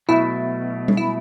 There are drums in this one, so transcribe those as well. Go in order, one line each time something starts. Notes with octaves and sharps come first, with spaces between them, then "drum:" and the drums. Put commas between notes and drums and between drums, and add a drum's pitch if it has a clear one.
B2 F#3 A3 E4
drum: tom G3
E4